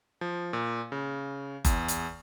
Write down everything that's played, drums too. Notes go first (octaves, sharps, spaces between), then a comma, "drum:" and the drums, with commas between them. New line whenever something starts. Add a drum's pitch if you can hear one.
F3
A#2
C#3
E2, drum: kick F#1, hi-hat
drum: hi-hat